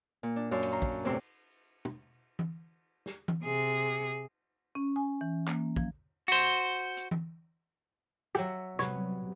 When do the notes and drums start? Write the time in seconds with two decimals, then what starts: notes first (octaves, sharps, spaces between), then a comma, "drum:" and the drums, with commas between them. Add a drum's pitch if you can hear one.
0.23 A#2
0.36 D4
0.51 F#2 D4 F5 C6
0.63 drum: cymbal
0.72 A#5 C6
0.82 drum: kick
1.05 E2 A2 C3 C4 C6
1.85 drum: tom
2.39 drum: tom E3
3.06 drum: snare
3.28 drum: tom E3
3.44 C3 G#4
4.75 C#4
4.96 G#5
5.21 E3
5.48 A#3, drum: clap
5.76 F3, drum: kick
6.28 F#4 C5, drum: hi-hat
6.97 drum: hi-hat
7.11 drum: tom E3
8.35 F#3 G4 E5 F#5
8.79 C3 F#3 G3 B3 C#5, drum: snare